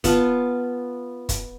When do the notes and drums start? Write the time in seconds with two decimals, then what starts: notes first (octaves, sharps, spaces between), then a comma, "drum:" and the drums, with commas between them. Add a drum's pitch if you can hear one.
0.04 B3 F4 A5, drum: kick, hi-hat
1.29 drum: kick, hi-hat